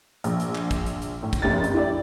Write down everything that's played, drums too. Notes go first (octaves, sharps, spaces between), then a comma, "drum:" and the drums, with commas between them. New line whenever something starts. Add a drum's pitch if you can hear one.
A#1, drum: hi-hat
drum: hi-hat
drum: clap
drum: kick, hi-hat
drum: hi-hat
drum: hi-hat
A2
drum: kick, hi-hat
F#1 F2 G4 A6
drum: hi-hat
E4 G4 D5